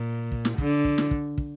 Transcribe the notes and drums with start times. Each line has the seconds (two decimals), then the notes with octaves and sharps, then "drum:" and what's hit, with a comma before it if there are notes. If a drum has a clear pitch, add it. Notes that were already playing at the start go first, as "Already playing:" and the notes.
Already playing: A#2
0.32 drum: kick
0.45 drum: snare
0.58 D3, drum: kick
0.85 drum: kick
0.98 drum: snare
1.11 drum: kick
1.38 drum: kick